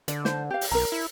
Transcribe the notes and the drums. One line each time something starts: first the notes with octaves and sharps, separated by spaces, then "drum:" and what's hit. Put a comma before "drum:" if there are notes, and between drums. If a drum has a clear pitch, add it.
D3 D5, drum: hi-hat
C5, drum: snare
G4 F5
drum: open hi-hat
B1 A#4 A#5
E4